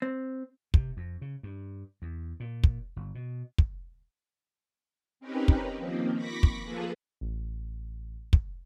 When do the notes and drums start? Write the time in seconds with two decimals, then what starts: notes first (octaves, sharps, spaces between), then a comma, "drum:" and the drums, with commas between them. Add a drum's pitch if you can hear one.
0.02 C4
0.74 C3, drum: kick
0.97 F2
1.22 C#3
1.43 G2
2.02 E2
2.40 A#2
2.64 drum: kick
2.96 G1
3.15 B2
3.58 drum: kick
5.20 C4 C#4 D#4 G4 A#4 B4
5.48 drum: kick
5.76 D#3 F3 A#3 C4
6.15 B5 C#6 D6 A#6 B6
6.43 drum: kick
6.63 F3 A#3 F4 G#4 A4 B4
7.21 A1
8.33 drum: kick